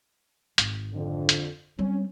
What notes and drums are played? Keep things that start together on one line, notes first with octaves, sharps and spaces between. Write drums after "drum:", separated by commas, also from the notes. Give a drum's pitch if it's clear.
G#1, drum: hi-hat
F2 D3
drum: hi-hat
G3 C4 C#4